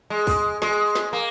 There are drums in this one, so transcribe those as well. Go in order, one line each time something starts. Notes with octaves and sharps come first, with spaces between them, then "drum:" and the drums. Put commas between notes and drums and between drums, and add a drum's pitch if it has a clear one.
G#3
drum: kick, open hi-hat
G#3, drum: snare
drum: snare
A#3